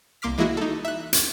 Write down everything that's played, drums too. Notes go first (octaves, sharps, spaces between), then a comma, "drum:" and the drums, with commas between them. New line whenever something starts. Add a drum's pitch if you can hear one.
C2 A#3 C6 D6 F6 B6
E3 G#3 A#3 E4 F#4
D#4 A4
E5 F#6
drum: hi-hat